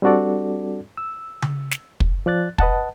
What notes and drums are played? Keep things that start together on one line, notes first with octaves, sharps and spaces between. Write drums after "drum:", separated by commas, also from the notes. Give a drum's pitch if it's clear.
G3 C4 D4 F#4 A4 D5
E6
drum: tom C#3
drum: snare
drum: kick
F3 D5 F#6 A6
B4 D#5 F#5 A5, drum: kick